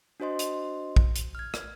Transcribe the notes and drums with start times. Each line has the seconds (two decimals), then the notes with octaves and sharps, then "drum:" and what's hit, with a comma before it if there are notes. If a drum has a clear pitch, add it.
0.20 D4 F#4 C5 D#5 C6
0.39 drum: hi-hat
0.96 drum: kick
1.16 drum: hi-hat
1.35 F6 G#6
1.54 drum: rim click